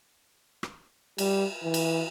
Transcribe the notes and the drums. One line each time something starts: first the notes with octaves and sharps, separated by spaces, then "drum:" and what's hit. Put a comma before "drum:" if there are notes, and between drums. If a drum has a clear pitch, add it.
drum: rim click
G3, drum: cymbal
E3
drum: cymbal